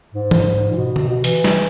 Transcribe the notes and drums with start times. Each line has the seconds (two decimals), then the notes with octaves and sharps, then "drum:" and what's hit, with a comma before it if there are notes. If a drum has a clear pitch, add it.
0.14 G#2
0.31 drum: tom
0.70 A#2
0.77 B2
0.96 drum: tom
1.09 B2
1.24 E3, drum: hi-hat
1.44 drum: snare